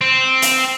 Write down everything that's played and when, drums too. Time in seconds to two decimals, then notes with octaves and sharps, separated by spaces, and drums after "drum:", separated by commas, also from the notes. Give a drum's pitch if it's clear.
0.01 C4
0.42 drum: hi-hat